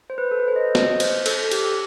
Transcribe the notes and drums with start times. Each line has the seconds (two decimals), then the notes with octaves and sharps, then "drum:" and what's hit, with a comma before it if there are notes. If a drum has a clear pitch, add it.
0.10 C5
0.18 B4
0.31 A4
0.40 B4
0.48 C5
0.56 D#5
0.75 D#5, drum: snare
1.00 C5, drum: cymbal
1.26 A4, drum: cymbal
1.52 G4, drum: cymbal